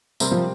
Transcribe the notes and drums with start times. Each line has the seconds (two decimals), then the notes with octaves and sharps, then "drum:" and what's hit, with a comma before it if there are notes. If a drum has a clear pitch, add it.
0.20 C3 G3 C4 G4 A#4, drum: tambourine
0.31 F3